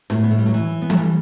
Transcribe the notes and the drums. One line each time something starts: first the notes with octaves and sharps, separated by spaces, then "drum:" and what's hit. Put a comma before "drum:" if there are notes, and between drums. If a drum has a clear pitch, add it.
A2, drum: snare
B3
A3
G3
F#3
E3
B3
A3, drum: tom E3
G3